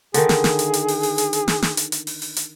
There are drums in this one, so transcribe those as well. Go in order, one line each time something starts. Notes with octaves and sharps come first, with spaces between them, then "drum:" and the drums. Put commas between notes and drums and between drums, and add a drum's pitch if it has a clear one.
D3 D#3 G#4, drum: hi-hat
drum: snare
drum: snare
drum: hi-hat
drum: hi-hat
drum: open hi-hat
drum: open hi-hat
drum: hi-hat
drum: hi-hat
drum: snare
drum: snare
drum: hi-hat
drum: hi-hat
drum: open hi-hat
drum: open hi-hat
drum: hi-hat